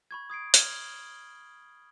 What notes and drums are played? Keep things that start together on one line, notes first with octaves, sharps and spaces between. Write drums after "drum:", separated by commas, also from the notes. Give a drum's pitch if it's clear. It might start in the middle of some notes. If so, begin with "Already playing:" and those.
B5 C#6 G#6
D#6 G#6 C7 D7
F6 G#6 F#7 G7, drum: hi-hat